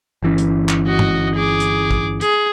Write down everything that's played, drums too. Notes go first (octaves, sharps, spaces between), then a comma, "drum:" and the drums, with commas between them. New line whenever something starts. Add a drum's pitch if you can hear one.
G1 E3 C#4
drum: hi-hat
drum: clap
F#4 D#5
drum: tom G2
G#4 D6
drum: hi-hat
drum: kick
G#4, drum: hi-hat